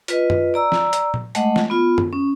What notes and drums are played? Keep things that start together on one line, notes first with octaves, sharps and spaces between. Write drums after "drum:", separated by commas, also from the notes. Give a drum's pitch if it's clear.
F4 B4 D#5, drum: hi-hat
drum: tom F#2
D5 A#5 E6
drum: snare
drum: hi-hat
drum: tom
G#3 A3 D#5 F#5, drum: hi-hat
drum: snare
B3 F4
drum: tom F#2
C#4